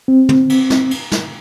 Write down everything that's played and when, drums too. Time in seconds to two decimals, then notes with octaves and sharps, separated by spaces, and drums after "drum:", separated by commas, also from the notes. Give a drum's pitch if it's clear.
0.08 C4
0.29 drum: tom
0.50 drum: cymbal
0.70 drum: snare
0.91 drum: cymbal
1.12 drum: snare